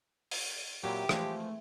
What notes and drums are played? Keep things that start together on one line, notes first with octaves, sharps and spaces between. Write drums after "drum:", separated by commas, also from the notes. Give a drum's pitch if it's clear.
drum: open hi-hat
A#2 F#3 C4 E4 G4 G5
E3 F3 G#3 A3, drum: rim click
A3